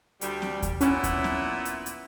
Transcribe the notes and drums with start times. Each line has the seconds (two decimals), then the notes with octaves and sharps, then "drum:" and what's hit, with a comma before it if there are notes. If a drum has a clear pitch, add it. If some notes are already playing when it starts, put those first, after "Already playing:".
0.21 D2 G3, drum: hi-hat
0.42 drum: snare C4
0.62 drum: kick D#2, hi-hat
0.81 A#2 B3 C#4 E4, drum: hi-hat
1.04 drum: kick D#2, hi-hat
1.24 drum: snare C4
1.65 drum: hi-hat
1.86 drum: hi-hat